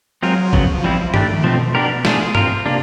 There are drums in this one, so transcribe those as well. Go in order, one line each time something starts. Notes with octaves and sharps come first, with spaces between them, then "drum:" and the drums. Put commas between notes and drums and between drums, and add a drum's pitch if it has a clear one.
F#3 G#3 C4 F4 A#4
C#3 F3 F#3 B3, drum: kick
E3 G3 C4 E4
D#3 A3 D4 G4, drum: tom G2
B2 F3 A3 C4
B3 D4 G4 A#4
F3 A3 D4 F4 G#4, drum: snare
C4 F4 A#4, drum: tom G2
C3 A#3 D4